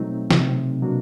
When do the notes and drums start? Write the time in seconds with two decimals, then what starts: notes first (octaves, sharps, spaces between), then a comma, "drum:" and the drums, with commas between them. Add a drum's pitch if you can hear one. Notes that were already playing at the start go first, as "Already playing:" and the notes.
Already playing: B2 F#3 A3 C4 D#4
0.31 C3, drum: snare
0.82 B2 F#3 A#3 D4 F#4